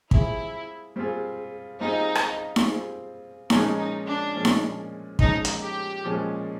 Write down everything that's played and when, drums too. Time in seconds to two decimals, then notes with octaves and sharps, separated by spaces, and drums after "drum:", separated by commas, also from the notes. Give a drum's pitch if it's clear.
0.11 G3 C4 E4 F4 G#4, drum: kick
0.96 G3 C4 F4 G#4
1.81 G3 C4 D#4 F4 G#4
2.15 drum: rim click
2.56 drum: snare D#4
2.65 G3 C4 F4 G#4
3.50 A#2 F3 G#3 C#4 D#4, drum: snare D#4
3.78 D#4
4.07 D4
4.34 A#2 F3 G#3 C#4
4.45 drum: snare D#4
5.19 A#2 F3 G#3 C#4 D#4, drum: kick
5.45 drum: hi-hat
5.62 G4
6.04 A#2 F3 G#3 C#4